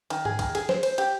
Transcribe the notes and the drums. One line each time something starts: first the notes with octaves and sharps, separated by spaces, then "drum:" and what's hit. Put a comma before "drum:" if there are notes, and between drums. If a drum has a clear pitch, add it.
D#3, drum: cymbal
G#4, drum: tom G#2
D#3, drum: kick C2, cymbal
G#4, drum: cymbal
C5, drum: snare
C5, drum: cymbal
G4, drum: cymbal